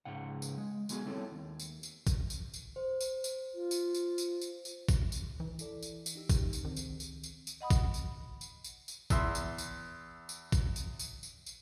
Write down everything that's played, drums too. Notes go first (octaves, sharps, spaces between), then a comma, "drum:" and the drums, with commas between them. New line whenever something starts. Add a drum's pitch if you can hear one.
C#2 G#2 C#3 F#5
drum: tambourine
G#3
D3 G#3 B3 F#4 G#4, drum: tambourine
G3 C4 E4 A4 C#5
D#2
drum: tambourine
drum: tambourine
drum: kick A1, tambourine
drum: tambourine
drum: tambourine
C5
drum: tambourine
drum: tambourine
F4
drum: tambourine
drum: tambourine
drum: tambourine
drum: tambourine
drum: tambourine
drum: kick A1, tambourine
drum: tambourine
C#2
E3
E4 A4 D5, drum: tambourine
drum: tambourine
drum: tambourine
D#4 G4 E6
drum: kick A1, tambourine
drum: tambourine
C#2 D#3 C4
drum: tambourine
drum: tambourine
drum: tambourine
drum: tambourine
D#5 F#5 B5 D#6
drum: kick A1, tambourine
drum: tambourine
drum: tambourine
drum: tambourine
drum: tambourine
E2 E5 C6, drum: kick A1, tambourine
drum: tambourine
drum: tambourine
drum: tambourine
drum: kick A1, tambourine
drum: tambourine
drum: tambourine
drum: tambourine
drum: tambourine